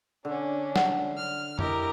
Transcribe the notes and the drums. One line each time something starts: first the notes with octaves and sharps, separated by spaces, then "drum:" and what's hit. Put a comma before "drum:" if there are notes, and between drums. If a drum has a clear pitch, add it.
D3 C#4 D4
F#5, drum: snare
F6
E4 G4 A#4 D#5, drum: tom F2